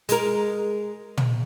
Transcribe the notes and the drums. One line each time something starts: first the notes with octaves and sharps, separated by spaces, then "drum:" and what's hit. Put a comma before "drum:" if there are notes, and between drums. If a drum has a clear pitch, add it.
G#3 A#4, drum: hi-hat
drum: tom